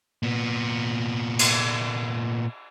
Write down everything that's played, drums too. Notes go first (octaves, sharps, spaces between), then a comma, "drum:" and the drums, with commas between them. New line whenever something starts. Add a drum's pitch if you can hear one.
A#2 B3
drum: cymbal